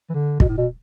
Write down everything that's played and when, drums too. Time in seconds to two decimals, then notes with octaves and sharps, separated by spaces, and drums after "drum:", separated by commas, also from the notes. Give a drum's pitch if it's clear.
0.10 E3
0.14 D3
0.40 B2, drum: kick
0.49 A2
0.57 B2